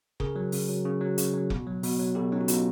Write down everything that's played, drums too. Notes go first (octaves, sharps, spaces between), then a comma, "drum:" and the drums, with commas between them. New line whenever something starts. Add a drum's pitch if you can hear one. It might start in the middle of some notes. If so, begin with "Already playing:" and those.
C#3 G#4 A#4, drum: kick F1
F#3
C#3, drum: open hi-hat
F#3
C#3
F#3
C#3, drum: hi-hat
F#3
B2, drum: kick F1
F#3
B2, drum: open hi-hat
F#3
B2 G4 A4
F#3 C#4 D#4
F#4
B2 D#4 F4, drum: hi-hat